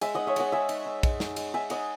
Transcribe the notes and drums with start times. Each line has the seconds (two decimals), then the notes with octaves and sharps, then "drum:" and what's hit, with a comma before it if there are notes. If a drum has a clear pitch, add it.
0.01 G#3 E5 G#5, drum: cymbal
0.15 D#4 D#5 F#5
0.27 C#5 E5
0.36 G#3 D#5 F#5, drum: cymbal
0.52 G#3 E5 G#5
0.69 D#4, drum: cymbal
0.86 D#4
1.03 G#3, drum: kick, cymbal
1.20 D#4, drum: snare
1.36 G#3, drum: cymbal
1.53 D#4 E5 G#5
1.70 D#4 D#5 F#5, drum: cymbal